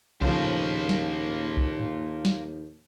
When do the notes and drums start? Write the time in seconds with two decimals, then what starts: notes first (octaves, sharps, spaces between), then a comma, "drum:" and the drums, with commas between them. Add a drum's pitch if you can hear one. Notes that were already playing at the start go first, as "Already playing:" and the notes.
0.21 D#2 A2 C#3 F3 A#3 C5, drum: kick B1
0.44 drum: tom G2
0.89 drum: snare
1.57 drum: kick B1
1.80 drum: tom G2
2.25 drum: snare